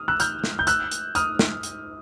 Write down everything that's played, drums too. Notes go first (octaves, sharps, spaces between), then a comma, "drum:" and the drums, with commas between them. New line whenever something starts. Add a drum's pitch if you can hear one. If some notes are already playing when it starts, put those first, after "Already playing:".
Already playing: D#6 F6
E6 F#6
F6 G6, drum: hi-hat
drum: snare
G6
E6 F#6, drum: hi-hat
drum: hi-hat
D#6 F6, drum: hi-hat
drum: snare
drum: hi-hat